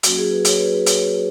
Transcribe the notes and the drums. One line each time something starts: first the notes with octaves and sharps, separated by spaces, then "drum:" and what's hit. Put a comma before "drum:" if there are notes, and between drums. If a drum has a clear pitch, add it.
F#3 A#3 C#4 F#4, drum: hi-hat
G#4
B4
C#5, drum: hi-hat
B4
B4
C#5, drum: hi-hat